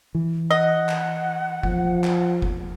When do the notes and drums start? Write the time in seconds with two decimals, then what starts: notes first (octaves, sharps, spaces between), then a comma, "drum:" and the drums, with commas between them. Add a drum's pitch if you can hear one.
0.15 E3
0.50 D#5 F#5
0.89 drum: clap
1.63 F3, drum: kick F#1
2.04 drum: clap
2.42 drum: kick F#1